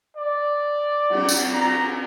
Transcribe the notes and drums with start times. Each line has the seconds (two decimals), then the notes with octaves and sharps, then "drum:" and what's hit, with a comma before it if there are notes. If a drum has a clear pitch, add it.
0.17 D5
1.10 drum: cymbal
1.29 drum: tambourine
1.53 A#5